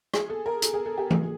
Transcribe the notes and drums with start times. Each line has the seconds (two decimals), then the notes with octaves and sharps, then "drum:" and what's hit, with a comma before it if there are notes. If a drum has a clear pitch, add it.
0.14 G#4, drum: rim click
0.30 A4
0.46 A#4
0.62 A4, drum: hi-hat
0.74 G#4
0.86 A4
0.98 G4
1.11 G#4, drum: tom E3